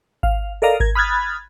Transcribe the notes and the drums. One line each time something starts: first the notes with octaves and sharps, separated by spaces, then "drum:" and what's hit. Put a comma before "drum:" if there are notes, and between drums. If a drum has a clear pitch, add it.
F5, drum: kick G#1
A4 A#4 D5 D#5 F5 A#5
A#4 G#6, drum: kick G#1
B5 D#6 F6 F#6 G#6 A6